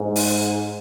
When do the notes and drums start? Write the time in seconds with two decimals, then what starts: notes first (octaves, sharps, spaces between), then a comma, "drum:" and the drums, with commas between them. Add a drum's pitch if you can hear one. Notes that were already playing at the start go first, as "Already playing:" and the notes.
Already playing: G#2
0.16 drum: open hi-hat